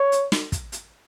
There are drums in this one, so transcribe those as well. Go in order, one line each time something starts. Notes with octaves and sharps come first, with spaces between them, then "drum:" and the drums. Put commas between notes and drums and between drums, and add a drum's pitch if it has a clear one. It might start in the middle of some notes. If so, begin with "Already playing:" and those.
Already playing: C#5
drum: hi-hat
drum: snare
drum: kick, hi-hat
drum: hi-hat